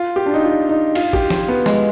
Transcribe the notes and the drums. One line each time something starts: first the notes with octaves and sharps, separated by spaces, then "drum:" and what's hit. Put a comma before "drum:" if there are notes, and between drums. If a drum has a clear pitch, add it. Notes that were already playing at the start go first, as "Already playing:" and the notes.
Already playing: F4
G4
D4
D#4
F4
D#4
F4, drum: cymbal
G4, drum: kick A1
F4, drum: snare
B3
G#3, drum: snare